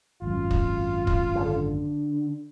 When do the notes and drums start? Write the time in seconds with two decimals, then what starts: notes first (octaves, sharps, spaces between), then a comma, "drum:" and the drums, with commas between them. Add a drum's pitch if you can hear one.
0.22 G#1 F#2 F4
0.51 drum: kick
1.07 drum: kick
1.35 D3